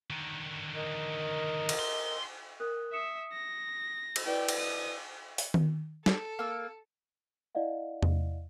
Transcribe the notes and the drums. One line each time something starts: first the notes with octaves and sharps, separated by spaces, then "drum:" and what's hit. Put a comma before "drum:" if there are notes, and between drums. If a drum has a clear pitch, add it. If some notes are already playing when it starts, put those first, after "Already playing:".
D3 D#3
A#4 D#5
drum: cymbal
C6
A#4 D#6 F#6
E5 D#6 C#7 E7
A#6
drum: cymbal
E4 B4 D5 G5
drum: cymbal
D#6
drum: open hi-hat
drum: tom D#3
A4, drum: snare
A#3 E6
E4 D5 D#5 F5 F#5
drum: tom E2